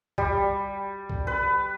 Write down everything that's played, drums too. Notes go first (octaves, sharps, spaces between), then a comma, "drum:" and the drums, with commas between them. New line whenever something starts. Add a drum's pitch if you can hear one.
G3, drum: kick C2
drum: kick C2
B4